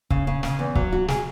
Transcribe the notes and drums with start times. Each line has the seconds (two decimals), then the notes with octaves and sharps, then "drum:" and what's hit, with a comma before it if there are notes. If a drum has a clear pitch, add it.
0.10 C#3, drum: kick C#1
0.27 C#3
0.43 C#3, drum: snare
0.59 E2
0.75 F#3, drum: kick C#1
0.92 F#4
1.08 G#4, drum: snare